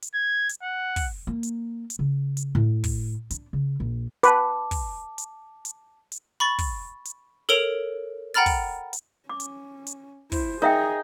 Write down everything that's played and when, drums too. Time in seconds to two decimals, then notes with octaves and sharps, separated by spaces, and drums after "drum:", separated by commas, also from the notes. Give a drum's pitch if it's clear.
0.02 drum: hi-hat
0.14 G#6
0.49 drum: hi-hat
0.63 F#5
0.96 drum: kick, open hi-hat
1.27 A#3
1.43 drum: hi-hat
1.90 drum: hi-hat
1.99 C#3
2.37 drum: hi-hat
2.55 A2
2.84 drum: kick, open hi-hat
3.30 D4, drum: hi-hat
3.53 C#3
3.80 A#1
4.23 B4 A5 D6, drum: hi-hat
4.71 drum: kick, open hi-hat
5.18 drum: hi-hat
5.65 drum: hi-hat
6.12 drum: hi-hat
6.40 B5 C#6 A6
6.59 drum: kick, open hi-hat
7.05 drum: hi-hat
7.49 A4 A#4 C#5 D7 F7
8.34 F#5 G5 A#5 B5 F6 A6
8.46 drum: kick, open hi-hat
8.93 drum: hi-hat
9.29 C#4 D6
9.40 drum: hi-hat
9.87 drum: hi-hat
10.32 E4 C5, drum: kick, open hi-hat
10.62 D#4 G#4 A#4 E5 G5